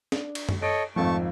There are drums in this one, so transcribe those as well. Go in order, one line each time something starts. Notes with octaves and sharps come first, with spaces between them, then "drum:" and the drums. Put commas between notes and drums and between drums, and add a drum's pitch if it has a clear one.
D4, drum: snare
drum: cymbal
drum: tom F#2
A4 C#5 D#5 D7
G#1 F2 F3 A3 A5 C#6